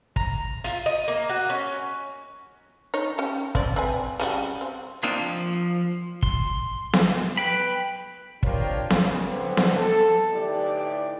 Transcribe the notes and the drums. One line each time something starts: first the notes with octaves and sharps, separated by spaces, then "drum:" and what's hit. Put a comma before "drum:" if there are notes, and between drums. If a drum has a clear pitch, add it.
A#5, drum: kick
F4, drum: hi-hat
D#5
A#3
F#4
C#4
D#4 C#5
C#4 G4
C4 D5, drum: kick
C4 B4 G#5
C#3 G3 F#4, drum: hi-hat
C4
A#3 C4 D4 D#4 F4
F3
C6, drum: kick
drum: snare B3
B4 G5 B5
C4 D4 F4 G4 A#4 C#5, drum: kick
C#3, drum: snare B3
D3 B3 C4
drum: snare B3
A4
A2 D3 E3 D#4 G4 D5